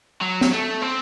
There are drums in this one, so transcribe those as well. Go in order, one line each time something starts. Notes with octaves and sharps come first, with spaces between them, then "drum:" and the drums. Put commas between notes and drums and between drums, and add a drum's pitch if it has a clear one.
F#3
drum: snare
A3
C4